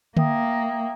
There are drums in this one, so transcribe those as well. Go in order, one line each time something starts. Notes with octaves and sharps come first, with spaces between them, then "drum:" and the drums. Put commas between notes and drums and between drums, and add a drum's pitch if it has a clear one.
A#3 E5 G5 D#6, drum: tom D3